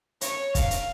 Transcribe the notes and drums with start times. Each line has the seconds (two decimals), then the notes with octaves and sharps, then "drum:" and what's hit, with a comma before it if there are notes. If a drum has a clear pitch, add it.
0.21 C#5, drum: hi-hat
0.55 F5, drum: kick, hi-hat
0.71 drum: hi-hat